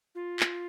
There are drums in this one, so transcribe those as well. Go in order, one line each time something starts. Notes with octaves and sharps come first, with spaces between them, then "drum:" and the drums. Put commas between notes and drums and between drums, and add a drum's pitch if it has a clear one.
F4
drum: clap